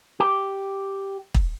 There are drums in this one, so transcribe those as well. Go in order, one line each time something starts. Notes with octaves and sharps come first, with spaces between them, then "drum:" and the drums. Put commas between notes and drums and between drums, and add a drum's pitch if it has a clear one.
G4
drum: kick